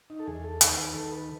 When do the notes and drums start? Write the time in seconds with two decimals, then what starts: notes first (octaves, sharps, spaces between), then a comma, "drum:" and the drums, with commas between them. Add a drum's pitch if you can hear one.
0.10 D#4
0.19 A4
0.27 E2 G#4
0.44 A4
0.61 D#2 B4, drum: hi-hat
0.78 B4
0.95 D#3 A4
1.12 B4